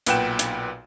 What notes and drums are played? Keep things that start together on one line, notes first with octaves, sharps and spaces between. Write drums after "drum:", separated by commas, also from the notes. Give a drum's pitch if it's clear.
B1 A#2 B4 F#5 G5 E7, drum: hi-hat
drum: hi-hat